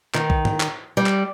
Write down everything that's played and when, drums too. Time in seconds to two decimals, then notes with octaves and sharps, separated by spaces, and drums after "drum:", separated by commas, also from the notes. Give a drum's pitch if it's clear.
0.15 D#3, drum: clap
0.30 drum: kick B1
0.45 drum: tom
0.60 drum: clap
0.97 G3
1.06 drum: clap